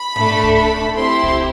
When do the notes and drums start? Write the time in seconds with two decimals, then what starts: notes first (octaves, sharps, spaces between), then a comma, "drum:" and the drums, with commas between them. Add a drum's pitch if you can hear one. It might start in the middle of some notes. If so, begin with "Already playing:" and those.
Already playing: B5
0.16 A3 D4 A4, drum: tom G#2
0.43 drum: kick C2
0.56 B5
0.96 C4 E4 G4 C6
1.23 drum: kick C2